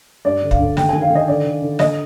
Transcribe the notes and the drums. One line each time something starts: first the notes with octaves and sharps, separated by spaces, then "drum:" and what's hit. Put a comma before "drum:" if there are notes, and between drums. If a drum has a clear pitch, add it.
G2 D5
D3
F5, drum: kick
D3
D#3 G5, drum: snare
G#5
D#3
F5
D#3 D#5
D3 D5
D3
D3
D3 D#5, drum: snare